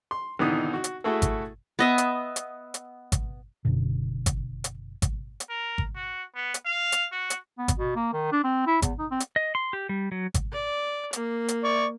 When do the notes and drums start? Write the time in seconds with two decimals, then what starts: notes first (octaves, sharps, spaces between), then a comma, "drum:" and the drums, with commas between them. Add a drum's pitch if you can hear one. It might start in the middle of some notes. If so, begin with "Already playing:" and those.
0.11 C6
0.39 G#1 B2 D3 E3 D#4 D#6
0.73 F#4
0.84 drum: hi-hat
1.04 A3 E4 F#4 G#4 A4
1.22 drum: kick G#1, hi-hat
1.79 B3 D#5 E5
1.98 drum: hi-hat
2.36 drum: hi-hat
2.74 drum: hi-hat
3.12 drum: kick G#1, hi-hat
3.65 F#1 F#2 B2 D3
4.26 drum: kick G#1, hi-hat
4.64 drum: hi-hat
5.02 drum: kick G#1, hi-hat
5.40 drum: hi-hat
5.50 A#4
5.78 drum: kick G#1
5.96 F#4
6.35 B3
6.54 drum: hi-hat
6.66 F5
6.92 drum: hi-hat
7.12 F#4
7.30 drum: hi-hat
7.58 B3
7.68 drum: kick G#1, hi-hat
7.77 B2
7.96 A#3
8.13 D#3
8.32 D4
8.44 C4
8.67 E4
8.82 E2, drum: kick G#1, hi-hat
8.99 D#4
9.11 C4
9.20 drum: hi-hat
9.36 D#5
9.55 C6
9.73 G4
9.89 G3
10.12 F#3
10.34 drum: kick G#1, hi-hat
10.52 D5
11.13 A#3, drum: hi-hat
11.48 drum: hi-hat
11.64 D5 C#6